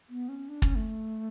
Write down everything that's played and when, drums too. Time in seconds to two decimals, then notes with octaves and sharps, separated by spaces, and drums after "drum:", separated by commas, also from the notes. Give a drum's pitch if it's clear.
0.09 B3
0.29 C#4
0.48 D4
0.62 C#4, drum: kick
0.75 A3